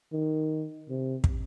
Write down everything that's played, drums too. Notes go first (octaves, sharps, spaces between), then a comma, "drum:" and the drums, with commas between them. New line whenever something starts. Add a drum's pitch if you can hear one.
D#3
C3
drum: kick